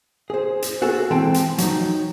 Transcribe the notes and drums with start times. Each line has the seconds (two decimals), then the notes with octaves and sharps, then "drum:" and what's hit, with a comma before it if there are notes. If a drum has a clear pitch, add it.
0.30 G#4 C5
0.62 drum: hi-hat
0.82 F#4 G#4 A4
1.11 E3 G#3 C4 E4 G5 A5
1.34 drum: hi-hat
1.58 F#3 D#4, drum: hi-hat